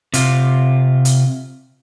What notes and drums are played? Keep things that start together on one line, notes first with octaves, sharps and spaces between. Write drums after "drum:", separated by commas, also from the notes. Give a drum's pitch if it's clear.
C3 F4, drum: hi-hat
drum: hi-hat